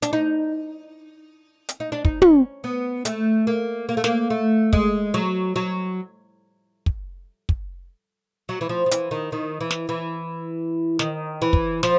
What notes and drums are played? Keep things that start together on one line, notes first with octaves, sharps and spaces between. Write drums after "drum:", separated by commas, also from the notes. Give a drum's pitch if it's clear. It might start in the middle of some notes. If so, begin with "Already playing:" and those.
D4, drum: hi-hat
D#4
drum: hi-hat
D#4
D4
D#4, drum: kick
C#4, drum: tom
B3
A3, drum: hi-hat
A#3
A#3
A3
A#3, drum: snare
A3
G#3, drum: kick
F#3
F#3
drum: kick
drum: kick
F#3
E3
F3
F3
E3, drum: hi-hat
D#3
D#3
E3
drum: snare
E3
D#3, drum: snare
E3
drum: kick
F3, drum: snare